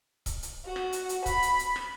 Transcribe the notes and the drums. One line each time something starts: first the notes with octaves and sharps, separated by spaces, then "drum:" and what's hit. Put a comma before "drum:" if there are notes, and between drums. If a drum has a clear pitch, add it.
drum: kick C#1, hi-hat
drum: hi-hat
F#4
drum: rim click
drum: hi-hat
drum: hi-hat
B5, drum: kick C#1, hi-hat
drum: hi-hat
drum: hi-hat
drum: rim click